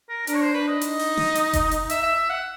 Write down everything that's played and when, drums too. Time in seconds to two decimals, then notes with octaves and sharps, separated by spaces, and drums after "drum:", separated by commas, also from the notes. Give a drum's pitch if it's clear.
0.09 A#4
0.27 D4 A#4, drum: hi-hat
0.34 C#5
0.41 C5
0.54 B4
0.68 D#5
0.81 D#4, drum: hi-hat
0.99 drum: open hi-hat
1.17 drum: snare
1.35 drum: hi-hat
1.53 drum: kick F1, hi-hat
1.71 drum: hi-hat
1.90 E5, drum: hi-hat
2.02 E5
2.16 E5
2.30 F#5